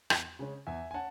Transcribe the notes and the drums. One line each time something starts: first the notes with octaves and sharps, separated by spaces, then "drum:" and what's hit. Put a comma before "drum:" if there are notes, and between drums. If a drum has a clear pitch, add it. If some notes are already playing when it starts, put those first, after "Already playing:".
E2, drum: rim click
C#3 G#3 C#4
E2 E5 G#5
G#5
C#4 F#5 A5